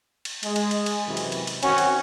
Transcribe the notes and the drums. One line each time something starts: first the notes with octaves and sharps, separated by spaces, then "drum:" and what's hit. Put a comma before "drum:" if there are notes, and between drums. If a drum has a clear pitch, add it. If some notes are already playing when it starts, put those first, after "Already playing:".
drum: cymbal
G#3, drum: cymbal
drum: cymbal
drum: cymbal
drum: cymbal
F#2 C3 E3
drum: cymbal
drum: cymbal
drum: cymbal
D#3 C4 C#4 F#4, drum: cymbal
drum: cymbal